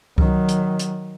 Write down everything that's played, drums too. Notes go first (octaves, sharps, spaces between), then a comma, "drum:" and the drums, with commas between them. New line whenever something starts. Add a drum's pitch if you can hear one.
D#3 F#3, drum: kick C2
drum: hi-hat
drum: hi-hat